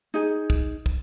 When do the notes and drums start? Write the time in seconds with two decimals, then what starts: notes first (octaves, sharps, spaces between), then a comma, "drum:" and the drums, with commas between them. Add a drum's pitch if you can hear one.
0.14 D#4 G#4
0.50 drum: kick
0.86 drum: kick